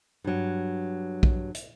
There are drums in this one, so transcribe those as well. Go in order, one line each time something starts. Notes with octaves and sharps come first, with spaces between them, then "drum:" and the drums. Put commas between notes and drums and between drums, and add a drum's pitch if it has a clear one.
G2 F#3
drum: kick A#1
drum: hi-hat